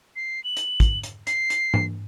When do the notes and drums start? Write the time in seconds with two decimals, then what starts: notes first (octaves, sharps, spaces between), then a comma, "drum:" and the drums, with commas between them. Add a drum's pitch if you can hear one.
0.16 C7
0.44 F#7
0.57 drum: hi-hat
0.80 drum: kick, hi-hat
1.03 drum: hi-hat
1.27 C7, drum: hi-hat
1.50 drum: hi-hat
1.74 drum: tom G#2